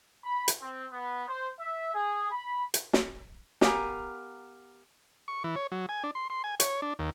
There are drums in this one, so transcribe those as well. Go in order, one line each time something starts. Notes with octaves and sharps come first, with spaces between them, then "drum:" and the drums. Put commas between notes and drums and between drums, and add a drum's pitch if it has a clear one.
B5
drum: hi-hat
C4
B3
C5
E5
G#4
B5
drum: hi-hat
drum: snare
B3 G4 A#4 F5 G#5 A#5, drum: snare
C#6
E3
C#5
F#3
G#5
D4
C6
C6
G#5
C#5, drum: hi-hat
D4
D#2